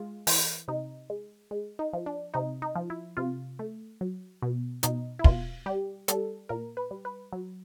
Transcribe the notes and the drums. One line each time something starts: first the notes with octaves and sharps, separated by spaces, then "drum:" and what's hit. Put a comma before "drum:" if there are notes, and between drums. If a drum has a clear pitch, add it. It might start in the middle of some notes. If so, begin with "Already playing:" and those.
Already playing: G#3 F4
E3, drum: open hi-hat
C3 D#4
G#3
G#3
D#4
F3
D4
C3 D#4
D#4
F3
E4
C3 F4
A3
F#3
B2
B2 D#4, drum: hi-hat
E4
B2 F4, drum: kick
G3 G4
G3 A4, drum: hi-hat
A#2 A#4
B4
G3
B4
F#3